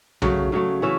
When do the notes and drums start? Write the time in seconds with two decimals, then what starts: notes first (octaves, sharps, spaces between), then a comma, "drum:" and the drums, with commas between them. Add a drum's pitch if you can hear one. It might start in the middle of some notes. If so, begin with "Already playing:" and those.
0.22 C#3 F#3 A3, drum: tom B1
0.52 C#3 F#3 A3
0.82 E3 A3 C#4 E5